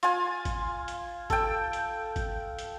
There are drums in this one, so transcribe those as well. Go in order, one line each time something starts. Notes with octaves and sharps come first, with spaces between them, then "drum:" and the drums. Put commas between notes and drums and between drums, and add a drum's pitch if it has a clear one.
F4 G#5, drum: hi-hat
drum: kick, hi-hat
drum: hi-hat
A4 G5, drum: kick, hi-hat
drum: hi-hat
drum: kick, hi-hat
drum: hi-hat